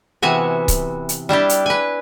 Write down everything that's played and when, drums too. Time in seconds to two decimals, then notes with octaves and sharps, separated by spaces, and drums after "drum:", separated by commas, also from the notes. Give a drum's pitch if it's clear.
0.22 C3 E3 B3 F#4 G#5
0.68 drum: kick C#1, hi-hat
1.09 drum: hi-hat
1.29 G3 D4 E4 G4
1.49 drum: hi-hat
1.66 B4 G#5